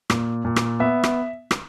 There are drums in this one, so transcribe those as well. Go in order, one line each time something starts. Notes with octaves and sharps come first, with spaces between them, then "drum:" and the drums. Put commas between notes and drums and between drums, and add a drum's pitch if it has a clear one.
A#2, drum: rim click
A#2
drum: rim click
B3 E5
drum: rim click
drum: rim click